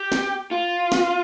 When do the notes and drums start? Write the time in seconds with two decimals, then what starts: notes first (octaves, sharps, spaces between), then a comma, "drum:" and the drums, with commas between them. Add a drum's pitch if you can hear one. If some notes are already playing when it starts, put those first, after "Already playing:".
Already playing: G4
0.12 drum: snare
0.51 F4
0.92 drum: snare